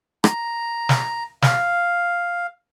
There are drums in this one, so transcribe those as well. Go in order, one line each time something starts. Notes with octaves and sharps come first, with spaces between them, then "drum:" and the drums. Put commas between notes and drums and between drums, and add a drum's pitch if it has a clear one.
A#5, drum: rim click
drum: snare
F5, drum: snare